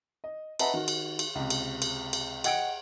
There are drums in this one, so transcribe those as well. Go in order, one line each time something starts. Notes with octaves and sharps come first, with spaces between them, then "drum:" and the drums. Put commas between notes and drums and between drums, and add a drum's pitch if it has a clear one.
D#5
B4 D#5 E5 F#5 A5 A#5, drum: cymbal
D#3 F#4
drum: cymbal
drum: cymbal
C#2 C3
drum: cymbal
drum: cymbal
drum: cymbal
D#5 F#5 G5 G#6 C#7 D7, drum: cymbal